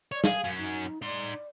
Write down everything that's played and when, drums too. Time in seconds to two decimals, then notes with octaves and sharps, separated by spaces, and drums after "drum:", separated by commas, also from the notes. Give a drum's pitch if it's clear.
0.12 C#5 D5
0.24 G#4 F5, drum: snare
0.44 F#2 C#4
0.58 D#4
1.02 D#4 D5 C6